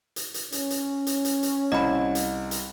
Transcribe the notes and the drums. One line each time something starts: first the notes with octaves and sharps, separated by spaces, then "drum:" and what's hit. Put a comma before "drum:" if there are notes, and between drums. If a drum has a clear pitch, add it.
drum: hi-hat
drum: hi-hat
C#4, drum: hi-hat
drum: hi-hat
drum: hi-hat
drum: hi-hat
drum: hi-hat
C2 D#5 B5
drum: hi-hat
drum: hi-hat